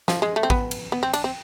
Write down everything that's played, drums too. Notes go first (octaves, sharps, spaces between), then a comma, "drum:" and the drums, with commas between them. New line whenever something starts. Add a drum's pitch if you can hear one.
F3, drum: snare
G#3
A3
C4
B3, drum: kick
drum: cymbal
B3
C4
D4, drum: cymbal
C4